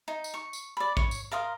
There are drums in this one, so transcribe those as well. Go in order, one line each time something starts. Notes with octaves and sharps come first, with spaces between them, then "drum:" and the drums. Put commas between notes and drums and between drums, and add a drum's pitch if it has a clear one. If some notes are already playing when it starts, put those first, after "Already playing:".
D#4
drum: tambourine
C#6
drum: tambourine
D5 B5
C#5, drum: kick A1
drum: tambourine
A#4 F5 C6 D#6